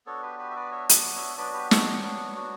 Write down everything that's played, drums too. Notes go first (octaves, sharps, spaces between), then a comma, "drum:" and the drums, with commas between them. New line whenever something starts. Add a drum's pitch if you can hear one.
B3 D4 F#4 A4 C#5
G4 B4
G4 B4
E5
B4 D5
C#5 E5
E5, drum: hi-hat
D5 F#5
C#5 E5
F#3 B3 D4 F#4 B4 D5
G4 B4
F#4 A4, drum: snare
G4
F#4
F#4